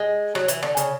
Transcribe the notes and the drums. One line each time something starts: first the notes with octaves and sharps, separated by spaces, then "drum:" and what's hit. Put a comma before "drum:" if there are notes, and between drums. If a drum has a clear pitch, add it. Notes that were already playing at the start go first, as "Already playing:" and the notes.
Already playing: G#3
F#3, drum: rim click
E3, drum: hi-hat
D3, drum: rim click
C#3, drum: hi-hat